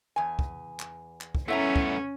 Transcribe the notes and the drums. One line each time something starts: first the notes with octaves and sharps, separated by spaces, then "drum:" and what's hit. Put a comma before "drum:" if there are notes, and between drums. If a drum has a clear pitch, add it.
E2 G#5
drum: kick
drum: clap
drum: clap
drum: kick
A3 B3 C#4 E4 E5 A#5
drum: kick